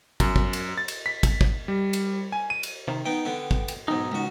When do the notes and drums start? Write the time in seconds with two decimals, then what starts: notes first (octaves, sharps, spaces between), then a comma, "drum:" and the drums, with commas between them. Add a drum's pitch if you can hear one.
0.20 F#2, drum: kick, cymbal
0.36 drum: kick
0.53 drum: cymbal
0.78 A6
0.88 drum: cymbal
1.06 B6
1.23 drum: kick, cymbal
1.41 drum: kick
1.68 G3
1.93 drum: cymbal
2.32 G#5
2.50 D#7
2.63 drum: cymbal
2.88 C3 D#3
3.06 B3 D#4 G5
3.25 D3 B3
3.51 drum: kick
3.68 drum: cymbal
3.88 B1 G#2 D#4
4.12 C#2 F#4